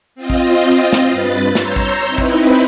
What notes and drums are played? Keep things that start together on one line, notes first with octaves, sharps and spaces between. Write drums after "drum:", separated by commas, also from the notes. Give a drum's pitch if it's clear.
C4 F4 D#5
drum: kick A1
drum: snare
G2 B4 A6
C#5 A#5 C6 E6 G6, drum: snare
drum: kick A1
C4 D#4 E4 B4
drum: kick A1